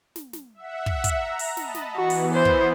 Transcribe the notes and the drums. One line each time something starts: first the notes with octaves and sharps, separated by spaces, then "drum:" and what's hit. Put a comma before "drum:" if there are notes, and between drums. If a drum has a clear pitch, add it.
drum: snare
drum: snare
E5 F#5
drum: kick
drum: kick, hi-hat
A#5
drum: open hi-hat
D#5 A5 B5, drum: snare
drum: snare
E3 B3 F#4
drum: open hi-hat
C5
drum: kick